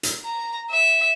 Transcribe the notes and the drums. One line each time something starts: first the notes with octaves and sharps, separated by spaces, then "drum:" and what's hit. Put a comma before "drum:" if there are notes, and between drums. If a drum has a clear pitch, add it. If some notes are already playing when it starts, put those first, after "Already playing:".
drum: hi-hat
A#5
E5